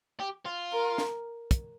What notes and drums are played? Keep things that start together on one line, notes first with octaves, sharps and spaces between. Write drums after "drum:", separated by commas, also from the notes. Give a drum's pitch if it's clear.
G4
F4
A#4
drum: snare
drum: kick, hi-hat